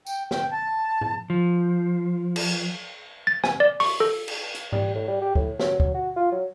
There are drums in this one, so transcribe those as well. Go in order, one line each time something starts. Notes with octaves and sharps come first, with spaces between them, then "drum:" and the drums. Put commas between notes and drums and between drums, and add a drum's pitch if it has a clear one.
G5, drum: tambourine
G5, drum: snare
A5
drum: tom A2
F3
drum: cymbal
A6
G#5, drum: snare
D5
C#6, drum: open hi-hat
A4
drum: cymbal
drum: hi-hat
G3, drum: tom G#2
A2
G3
G4
A2, drum: kick D2
F#3, drum: snare
F#3, drum: kick D2
F#4
F4
F#3